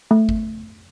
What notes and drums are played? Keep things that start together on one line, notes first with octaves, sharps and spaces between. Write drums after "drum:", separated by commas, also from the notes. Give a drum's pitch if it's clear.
A3
drum: kick G1